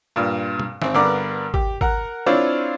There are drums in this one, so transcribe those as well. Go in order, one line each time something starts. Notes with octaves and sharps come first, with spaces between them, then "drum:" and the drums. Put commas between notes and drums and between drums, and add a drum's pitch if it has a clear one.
G2 A#2
drum: tom B2
G#1 C4, drum: snare
G2 D3 B3 A#4 D5 D6
G4, drum: kick G#1
A#4 F#5, drum: kick G#1
C4 D4 E4 F4 C5 C#5